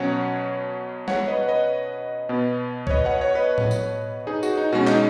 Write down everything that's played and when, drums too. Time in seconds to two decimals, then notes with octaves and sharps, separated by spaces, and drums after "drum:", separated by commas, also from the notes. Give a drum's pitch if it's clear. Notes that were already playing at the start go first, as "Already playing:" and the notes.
Already playing: B2 F#3 C#4 C#5 F#5
1.08 C#5 F#5, drum: snare G#3
1.28 B4 D#5
1.48 B4 D#5
2.29 B2 B3
2.87 C#5, drum: kick C2
2.90 B4 D#5
3.05 C#5 F#5
3.21 C#5 F#5
3.35 B4 D#5
3.58 drum: tom A2
3.71 drum: tambourine
4.27 D#4 G#4
4.43 F#4, drum: tambourine
4.58 D#4
4.73 B2 G#3 C#4 F#4
4.87 D#4, drum: clap